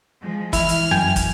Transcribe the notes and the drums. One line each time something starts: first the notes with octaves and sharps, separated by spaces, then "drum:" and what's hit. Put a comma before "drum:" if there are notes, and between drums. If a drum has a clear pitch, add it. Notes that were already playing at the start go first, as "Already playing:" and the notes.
F3 G#3
E3 E4 F6, drum: kick, hi-hat
drum: hi-hat
F#2 G5 G#5
drum: kick, hi-hat